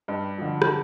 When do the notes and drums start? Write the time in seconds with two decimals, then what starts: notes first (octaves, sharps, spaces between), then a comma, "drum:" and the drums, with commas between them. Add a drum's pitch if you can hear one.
0.08 G2
0.38 D3 F3
0.62 drum: rim click